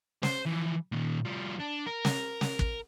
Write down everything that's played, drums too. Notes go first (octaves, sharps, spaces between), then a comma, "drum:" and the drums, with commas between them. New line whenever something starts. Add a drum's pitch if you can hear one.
C5, drum: snare
E3 F3
A#2 D#3
F3 G3
D4
A#4
drum: snare
drum: snare
drum: kick